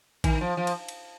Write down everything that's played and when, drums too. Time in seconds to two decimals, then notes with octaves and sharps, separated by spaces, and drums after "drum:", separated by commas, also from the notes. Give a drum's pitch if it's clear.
0.24 D#3, drum: kick, cymbal
0.41 F3
0.57 F3
0.67 drum: cymbal
0.88 drum: cymbal